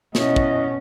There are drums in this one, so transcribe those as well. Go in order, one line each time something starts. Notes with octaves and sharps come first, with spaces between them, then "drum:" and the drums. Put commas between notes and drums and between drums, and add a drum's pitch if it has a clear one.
B2 C#4 E4 D#5, drum: snare
drum: kick